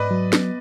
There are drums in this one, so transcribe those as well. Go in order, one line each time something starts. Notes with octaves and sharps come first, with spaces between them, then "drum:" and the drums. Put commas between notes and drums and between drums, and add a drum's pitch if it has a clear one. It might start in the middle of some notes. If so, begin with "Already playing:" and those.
Already playing: G#2 B4 D5 D#5
F#3
B3, drum: snare